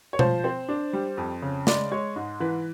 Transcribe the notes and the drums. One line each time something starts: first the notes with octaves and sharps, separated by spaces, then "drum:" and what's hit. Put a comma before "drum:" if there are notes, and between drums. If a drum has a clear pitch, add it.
C#5
F3 C5, drum: tom B2
C4
D4
G3
F2
C#3
G#3 D5, drum: snare
G#3 C#5
G#2
E3 B4